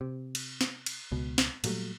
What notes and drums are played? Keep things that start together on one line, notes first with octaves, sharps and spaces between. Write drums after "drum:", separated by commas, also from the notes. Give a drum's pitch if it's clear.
C3
drum: cymbal
drum: snare
drum: cymbal
C#2 B2
drum: snare
A#2 F#3 G3 A3, drum: cymbal